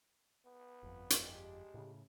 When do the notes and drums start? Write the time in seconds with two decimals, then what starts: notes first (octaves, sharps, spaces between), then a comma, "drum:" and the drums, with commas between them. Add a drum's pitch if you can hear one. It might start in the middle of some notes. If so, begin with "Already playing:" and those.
0.45 B3
0.83 G1 F2
1.10 drum: hi-hat
1.22 G3 G#3 D4 G4
1.74 A2 C#3